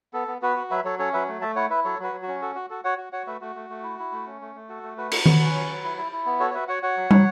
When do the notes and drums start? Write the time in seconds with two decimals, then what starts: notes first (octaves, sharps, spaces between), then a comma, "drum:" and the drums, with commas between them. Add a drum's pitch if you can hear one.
0.13 B3 A4
0.28 B3
0.42 B3 F#4 B4
0.56 F#4
0.70 F#3 B4 E5
0.84 F#3 A4 C#5
0.99 C#4 A4 C#5
1.13 F#3 B4 E5
1.28 A3
1.41 A3 E5 A5
1.56 E4 C#5 F#5
1.70 E4 B4 E5
1.84 F#3 A4 C#5
1.99 F#3 F#4 B4
2.12 F#3
2.22 F#4
2.28 C#4
2.42 F#4 A4
2.55 F#4
2.70 F#4 A4
2.84 F#4 C#5 F#5
2.98 F#4
3.12 F#4 C#5 F#5
3.27 A3 B4 E5
3.41 A3 F#4
3.55 A3
3.70 A3
3.83 E4
3.99 E4
4.12 A3
4.27 C#4
4.41 A3
4.55 A3
4.69 F#4 A4
4.83 A3
4.98 F#4 B4
5.12 F#4, drum: cymbal
5.26 F#3, drum: tom D#3
5.41 C#4
5.55 F#3
5.69 F#3
5.84 E4
5.97 E4
6.12 E4
6.26 B3
6.40 F#4 A4 C#5
6.50 C#5
6.54 F#4 B4 E5
6.68 F#4 C#5 F#5
6.83 F#4 C#5 F#5
6.97 F#3
7.11 F#3, drum: tom